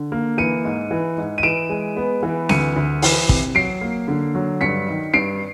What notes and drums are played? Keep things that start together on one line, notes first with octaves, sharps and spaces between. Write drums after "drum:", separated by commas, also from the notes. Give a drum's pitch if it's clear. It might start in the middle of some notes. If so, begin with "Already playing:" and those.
Already playing: D3
A#3
E3 C#7 D#7
G#2
E3
G#2
D#7
E3 D7 E7
G#3
B3
E3
D2 C#7 D#7, drum: snare C4
D2
E3, drum: open hi-hat
C3, drum: kick
F#3 C7 D7
A#3
D3
F#3
G2 B6 C#7
D#3
G2 C7 D7